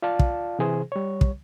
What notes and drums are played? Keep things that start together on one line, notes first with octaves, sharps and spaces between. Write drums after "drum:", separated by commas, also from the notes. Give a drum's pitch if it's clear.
F4 D5 F5 A5
drum: kick
C3 E3 G#4 C5
G3 C#5
drum: kick